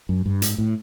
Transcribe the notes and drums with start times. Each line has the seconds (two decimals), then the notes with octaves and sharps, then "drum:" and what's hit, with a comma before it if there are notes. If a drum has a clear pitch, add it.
0.09 F#2
0.26 G2
0.42 G#2, drum: hi-hat
0.58 A2